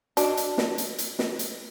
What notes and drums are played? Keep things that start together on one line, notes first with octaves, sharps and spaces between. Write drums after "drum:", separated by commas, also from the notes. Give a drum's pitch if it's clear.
D4 F#4 D#5, drum: hi-hat
drum: hi-hat
drum: snare
drum: hi-hat
drum: hi-hat
drum: snare
drum: hi-hat